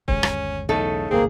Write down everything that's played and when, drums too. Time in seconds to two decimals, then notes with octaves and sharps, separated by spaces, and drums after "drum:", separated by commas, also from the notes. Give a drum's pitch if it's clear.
0.08 G1 D#2 G#3 C#4, drum: kick
0.23 drum: rim click
0.69 B1 E2 C#3 A3 D#4 A4
1.11 G#1 C#2 F#2 A#3 C4 G#4